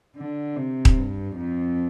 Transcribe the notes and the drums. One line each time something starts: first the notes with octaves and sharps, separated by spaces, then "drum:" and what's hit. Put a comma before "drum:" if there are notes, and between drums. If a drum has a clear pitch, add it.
D3
C3
drum: kick D#1
G2
F2